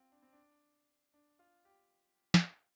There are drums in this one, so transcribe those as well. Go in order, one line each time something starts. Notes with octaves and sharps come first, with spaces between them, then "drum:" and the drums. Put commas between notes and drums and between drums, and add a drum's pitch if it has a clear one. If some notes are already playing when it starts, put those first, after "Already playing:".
Already playing: C4 F4
D4
C4
D4
D4
F4
G4
drum: snare